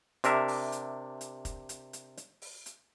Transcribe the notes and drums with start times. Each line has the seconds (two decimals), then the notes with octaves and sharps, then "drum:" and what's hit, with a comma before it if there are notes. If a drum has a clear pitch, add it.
0.24 C3 D4 A#4 E5, drum: hi-hat
0.48 drum: open hi-hat
0.72 drum: hi-hat
1.21 drum: hi-hat
1.45 drum: kick F1, hi-hat
1.69 drum: hi-hat
1.93 drum: hi-hat
2.17 drum: hi-hat
2.42 drum: open hi-hat
2.66 drum: hi-hat